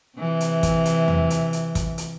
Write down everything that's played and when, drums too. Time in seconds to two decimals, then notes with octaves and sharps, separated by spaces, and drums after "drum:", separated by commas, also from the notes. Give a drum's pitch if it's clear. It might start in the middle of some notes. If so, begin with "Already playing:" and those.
0.18 C3 E3
0.40 drum: hi-hat
0.63 drum: kick, hi-hat
0.85 drum: hi-hat
1.08 drum: tom E2
1.30 drum: hi-hat
1.53 drum: hi-hat
1.75 drum: kick, hi-hat
1.98 drum: hi-hat